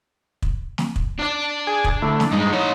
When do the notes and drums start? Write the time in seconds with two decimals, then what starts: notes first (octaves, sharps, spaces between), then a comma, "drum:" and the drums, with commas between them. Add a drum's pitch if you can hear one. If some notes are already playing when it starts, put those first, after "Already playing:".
0.42 drum: kick
0.78 drum: snare
0.96 drum: kick
1.19 D4 D5
1.67 G#4 G#5
1.84 drum: kick
2.02 D3 A3 E4
2.20 drum: snare
2.31 G2 G#3 D#4
2.52 E3 C#5